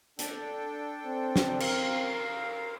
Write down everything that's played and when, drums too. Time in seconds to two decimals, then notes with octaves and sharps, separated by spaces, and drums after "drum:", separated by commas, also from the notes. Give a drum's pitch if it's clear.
0.19 D4 A4 G5, drum: hi-hat
1.06 C4
1.36 drum: snare
1.60 A#4 F5, drum: cymbal